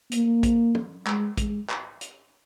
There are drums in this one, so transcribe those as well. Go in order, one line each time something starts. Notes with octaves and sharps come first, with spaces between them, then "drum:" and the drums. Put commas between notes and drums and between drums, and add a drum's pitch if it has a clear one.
A#3, drum: hi-hat
drum: kick, hi-hat
drum: tom
G#3, drum: clap
G#3, drum: kick, hi-hat
drum: clap
drum: hi-hat